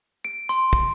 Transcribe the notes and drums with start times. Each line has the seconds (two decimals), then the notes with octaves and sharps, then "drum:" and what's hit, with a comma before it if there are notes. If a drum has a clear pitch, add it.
0.25 D7
0.49 C6, drum: tambourine
0.73 drum: kick